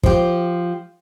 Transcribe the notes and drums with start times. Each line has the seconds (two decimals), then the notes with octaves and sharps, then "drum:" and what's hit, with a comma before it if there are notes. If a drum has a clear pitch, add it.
0.03 F3 G4, drum: kick